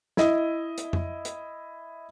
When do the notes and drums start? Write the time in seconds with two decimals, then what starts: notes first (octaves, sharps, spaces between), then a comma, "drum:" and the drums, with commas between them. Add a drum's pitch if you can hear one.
0.17 E4 D#5 E5, drum: snare
0.78 drum: hi-hat
0.93 drum: tom F2
1.25 drum: hi-hat